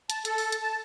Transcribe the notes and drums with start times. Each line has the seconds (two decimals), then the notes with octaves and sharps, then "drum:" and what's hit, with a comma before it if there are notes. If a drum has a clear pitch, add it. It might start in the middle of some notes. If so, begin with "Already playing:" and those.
0.10 A5, drum: hi-hat
0.25 A4, drum: hi-hat
0.38 drum: open hi-hat
0.52 drum: hi-hat
0.63 A5